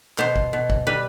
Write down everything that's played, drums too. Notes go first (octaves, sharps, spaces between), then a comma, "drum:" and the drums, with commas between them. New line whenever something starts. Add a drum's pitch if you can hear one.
B2 C5, drum: clap
drum: kick
B2
drum: kick
G3 B4